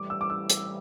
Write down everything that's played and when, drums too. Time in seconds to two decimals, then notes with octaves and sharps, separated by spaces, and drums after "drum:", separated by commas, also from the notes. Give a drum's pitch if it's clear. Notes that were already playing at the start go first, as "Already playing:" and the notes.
Already playing: A2 E3 G3 D6
0.10 E6
0.21 D6
0.30 E6
0.50 drum: hi-hat